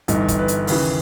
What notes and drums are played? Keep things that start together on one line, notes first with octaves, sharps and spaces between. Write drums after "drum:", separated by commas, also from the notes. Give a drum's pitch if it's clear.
G1 G2 E3 D#4, drum: hi-hat
drum: kick, hi-hat
B4
drum: hi-hat
D#2 C#3 E3 B4, drum: open hi-hat